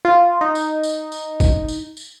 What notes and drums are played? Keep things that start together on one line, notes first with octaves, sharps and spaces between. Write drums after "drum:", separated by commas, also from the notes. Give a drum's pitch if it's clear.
F4
D#4
drum: tambourine
drum: tambourine
drum: tambourine
drum: kick A1, tambourine
drum: tambourine
drum: tambourine